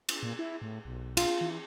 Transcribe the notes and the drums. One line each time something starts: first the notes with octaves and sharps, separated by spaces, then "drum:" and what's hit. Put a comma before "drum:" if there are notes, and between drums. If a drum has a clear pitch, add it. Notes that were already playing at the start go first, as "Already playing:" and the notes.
drum: cymbal
A#2
E4
A2
B1
F4, drum: cymbal
E3